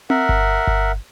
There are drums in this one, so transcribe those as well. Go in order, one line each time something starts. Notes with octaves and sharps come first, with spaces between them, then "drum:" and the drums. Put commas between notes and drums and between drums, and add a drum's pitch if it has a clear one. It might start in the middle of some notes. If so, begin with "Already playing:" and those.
A#4 E5 F#5, drum: tom C4
drum: kick G1
drum: kick G1